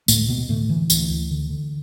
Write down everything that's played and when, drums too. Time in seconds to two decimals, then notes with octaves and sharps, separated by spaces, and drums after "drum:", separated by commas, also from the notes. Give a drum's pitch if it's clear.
0.08 D2 A2 A3, drum: tambourine
0.28 D2 B2 B3
0.49 A2 D3 A3
0.69 D3 E3
0.90 D2 E3, drum: tambourine
1.10 D2
1.31 D3
1.50 D3